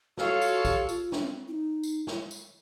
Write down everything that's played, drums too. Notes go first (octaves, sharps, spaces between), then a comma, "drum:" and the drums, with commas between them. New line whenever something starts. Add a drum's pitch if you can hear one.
F4 F#4 A4 C#5 F5, drum: snare
F#4, drum: tambourine
G4, drum: kick, tambourine
F4, drum: tambourine
D4, drum: snare
C4
E4
D#4
drum: tambourine
drum: snare
drum: tambourine